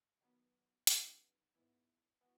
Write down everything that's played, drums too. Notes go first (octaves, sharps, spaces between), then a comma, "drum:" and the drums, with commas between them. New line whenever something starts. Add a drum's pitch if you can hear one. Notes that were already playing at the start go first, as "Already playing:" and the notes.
D#3 F#3 B3
C#3 F#3 B3 D#4, drum: hi-hat
G#2 E3 B3 E4
E3 B3 F#4